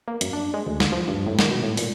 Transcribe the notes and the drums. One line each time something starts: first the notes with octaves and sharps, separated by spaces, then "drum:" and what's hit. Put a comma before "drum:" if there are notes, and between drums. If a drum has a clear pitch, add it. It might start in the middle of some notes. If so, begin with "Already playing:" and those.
A#3
F#2, drum: hi-hat
D4
G#3
D2
drum: snare
F3
G2
A2
D#3, drum: snare
B2
A2
A#2, drum: open hi-hat